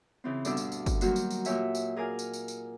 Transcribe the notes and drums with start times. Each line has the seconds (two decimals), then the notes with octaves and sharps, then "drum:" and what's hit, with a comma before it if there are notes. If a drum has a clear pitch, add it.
0.24 C#3 E3 C4
0.45 D2 G2 B2 D4 A4 D5, drum: tambourine
0.57 drum: tambourine
0.72 drum: tambourine
0.86 drum: kick, tambourine
1.01 D#3 F#3 G3 A#3 F#4 C5, drum: tambourine
1.16 drum: tambourine
1.31 drum: tambourine
1.45 A#2 A#3 G4 C#5 E5 G#5, drum: tambourine
1.75 drum: tambourine
1.96 G#4 A#4 D5 F5 G#5
2.19 drum: tambourine
2.33 drum: tambourine
2.48 drum: tambourine